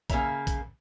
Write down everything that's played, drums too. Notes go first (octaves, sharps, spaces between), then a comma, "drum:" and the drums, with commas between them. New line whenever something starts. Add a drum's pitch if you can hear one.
C#3 A#3 C#5 E5 A#5, drum: kick A#1, hi-hat
drum: kick A#1, hi-hat